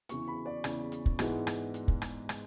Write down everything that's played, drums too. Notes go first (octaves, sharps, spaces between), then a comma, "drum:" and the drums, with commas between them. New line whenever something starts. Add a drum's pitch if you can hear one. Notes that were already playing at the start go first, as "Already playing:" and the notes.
E2 C#3 E3 C#6, drum: hi-hat
B5
D5
E2 C#3 E3, drum: rim click
drum: hi-hat
drum: kick
G#2 E3 G#3 B3, drum: rim click
drum: rim click
drum: hi-hat
drum: kick
drum: rim click
drum: rim click